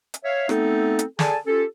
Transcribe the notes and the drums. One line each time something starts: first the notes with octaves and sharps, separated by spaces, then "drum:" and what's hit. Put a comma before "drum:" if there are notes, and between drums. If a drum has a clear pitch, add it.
drum: hi-hat
C#5 E5 F5
A3 B3 C4 D#4 A4, drum: rim click
drum: hi-hat
G#4 A4 D5 G#5 A5, drum: snare
C#4 F4 G4 A4